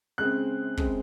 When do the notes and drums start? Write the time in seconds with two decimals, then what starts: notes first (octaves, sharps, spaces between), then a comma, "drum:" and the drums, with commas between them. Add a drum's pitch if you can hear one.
0.18 C#3 G#3 C4 F#6
0.77 C#3 G#3 C4, drum: kick